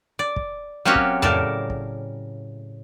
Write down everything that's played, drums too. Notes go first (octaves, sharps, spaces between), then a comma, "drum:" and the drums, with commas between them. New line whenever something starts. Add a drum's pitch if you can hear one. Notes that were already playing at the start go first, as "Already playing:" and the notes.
D5
drum: kick
F#3 A#3 C4 C#4 F#4 G4
drum: kick
A2 C#3 A#4 D5 A5, drum: tom F2
drum: kick